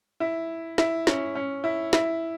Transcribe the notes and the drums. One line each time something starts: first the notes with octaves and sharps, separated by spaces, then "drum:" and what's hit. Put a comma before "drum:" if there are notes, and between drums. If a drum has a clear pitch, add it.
E4
E4, drum: snare
C#4, drum: snare
C#4
E4
E4, drum: snare